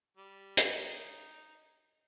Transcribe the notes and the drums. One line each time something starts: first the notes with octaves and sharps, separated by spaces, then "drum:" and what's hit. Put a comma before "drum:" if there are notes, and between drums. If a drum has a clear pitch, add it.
G3
drum: hi-hat
D#4